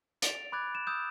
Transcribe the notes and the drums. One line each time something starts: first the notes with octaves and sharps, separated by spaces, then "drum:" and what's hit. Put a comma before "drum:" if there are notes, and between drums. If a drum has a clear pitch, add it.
A6 D7 F7, drum: hi-hat
B5 D6 F#6 G#6 A6
E7
D#6 E6 F#6 G6 E7